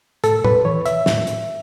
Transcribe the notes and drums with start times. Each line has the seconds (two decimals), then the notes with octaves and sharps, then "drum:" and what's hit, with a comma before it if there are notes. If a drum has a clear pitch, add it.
0.24 A2 A4, drum: hi-hat
0.44 B4, drum: tom A2
0.65 E3 C#5
0.86 E5, drum: hi-hat
1.06 A2, drum: snare
1.27 drum: hi-hat